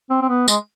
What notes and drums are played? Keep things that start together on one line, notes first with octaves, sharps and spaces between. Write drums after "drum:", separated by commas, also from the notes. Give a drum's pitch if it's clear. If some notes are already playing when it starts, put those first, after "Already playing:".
C4
C4
B3
G#3, drum: tambourine